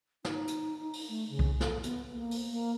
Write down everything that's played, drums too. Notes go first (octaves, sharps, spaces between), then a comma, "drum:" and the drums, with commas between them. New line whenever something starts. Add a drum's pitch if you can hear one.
D#4, drum: snare
drum: hi-hat
drum: open hi-hat
A3
C#3
drum: kick C2
A4, drum: snare
B3, drum: hi-hat
A#3
drum: open hi-hat
A#3